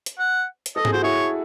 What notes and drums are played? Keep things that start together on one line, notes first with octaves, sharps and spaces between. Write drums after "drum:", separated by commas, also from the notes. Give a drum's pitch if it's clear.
drum: hi-hat
F#5
drum: hi-hat
A4 D#5
G#4, drum: tom G#2
F#4 C5
E4 G#4 C#5